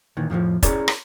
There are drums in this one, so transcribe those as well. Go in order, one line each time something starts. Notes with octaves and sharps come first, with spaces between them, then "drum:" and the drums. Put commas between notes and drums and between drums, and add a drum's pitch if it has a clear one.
A#2 D#3 E3
F2 A2 E3 F3
C#4 E4 G#4 A#4 C#5 D5, drum: kick, hi-hat
drum: rim click